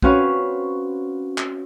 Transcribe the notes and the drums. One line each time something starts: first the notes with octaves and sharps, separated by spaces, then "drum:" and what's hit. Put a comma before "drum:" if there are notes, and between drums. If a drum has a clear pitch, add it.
C4 C#4 F#4 B4 C#5 F5, drum: kick
drum: clap